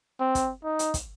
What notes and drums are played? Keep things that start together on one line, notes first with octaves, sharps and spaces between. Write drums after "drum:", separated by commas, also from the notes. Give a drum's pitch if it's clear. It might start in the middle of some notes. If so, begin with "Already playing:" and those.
C4
drum: kick, hi-hat
D#4
drum: hi-hat
drum: kick, hi-hat